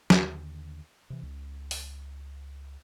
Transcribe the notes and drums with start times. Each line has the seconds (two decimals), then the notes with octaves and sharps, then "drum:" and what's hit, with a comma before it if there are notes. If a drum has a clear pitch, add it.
0.10 D#2 D3, drum: snare
1.10 C3 E3
1.23 C#2
1.71 drum: open hi-hat